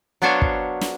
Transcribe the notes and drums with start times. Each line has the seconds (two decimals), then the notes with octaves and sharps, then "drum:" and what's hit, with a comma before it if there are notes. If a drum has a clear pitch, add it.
0.22 F#3 B3 D4 C5 C#5 F5
0.42 drum: kick
0.82 drum: snare